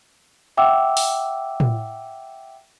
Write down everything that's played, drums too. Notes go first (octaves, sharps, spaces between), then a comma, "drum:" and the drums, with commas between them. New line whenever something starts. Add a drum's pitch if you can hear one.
E5 F#5 G5 D6 E6
drum: open hi-hat
drum: tom A2